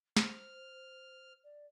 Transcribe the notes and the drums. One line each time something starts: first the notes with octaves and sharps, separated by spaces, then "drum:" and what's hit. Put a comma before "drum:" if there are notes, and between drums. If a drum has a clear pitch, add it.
C5 F6, drum: snare
D5